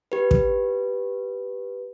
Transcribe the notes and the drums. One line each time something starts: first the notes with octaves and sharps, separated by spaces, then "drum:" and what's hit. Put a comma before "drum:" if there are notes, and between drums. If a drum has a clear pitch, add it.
G4 B4
drum: kick